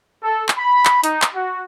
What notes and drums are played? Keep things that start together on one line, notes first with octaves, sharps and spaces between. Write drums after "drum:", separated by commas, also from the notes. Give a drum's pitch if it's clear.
A4
drum: clap
B5
drum: clap
D#4, drum: hi-hat
drum: clap
F#4